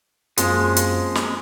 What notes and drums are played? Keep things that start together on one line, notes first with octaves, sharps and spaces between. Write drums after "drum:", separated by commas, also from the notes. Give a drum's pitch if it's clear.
F#2 F3 G#3 A#3 C4 G#4 C#6, drum: hi-hat
drum: hi-hat
drum: snare